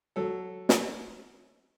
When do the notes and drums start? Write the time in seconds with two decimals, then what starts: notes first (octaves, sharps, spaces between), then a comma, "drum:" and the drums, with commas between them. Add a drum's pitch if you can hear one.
0.16 F#3 A4
0.69 drum: snare